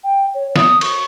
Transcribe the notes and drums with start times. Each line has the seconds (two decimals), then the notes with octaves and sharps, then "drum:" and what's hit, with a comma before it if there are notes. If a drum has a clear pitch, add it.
0.04 G5
0.34 C#5
0.56 D#6, drum: snare
0.81 C#6, drum: cymbal